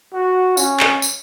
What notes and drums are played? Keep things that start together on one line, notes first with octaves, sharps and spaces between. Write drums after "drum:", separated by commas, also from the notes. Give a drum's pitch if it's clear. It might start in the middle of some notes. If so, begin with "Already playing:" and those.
F#4
C#4, drum: tambourine
drum: clap
drum: tambourine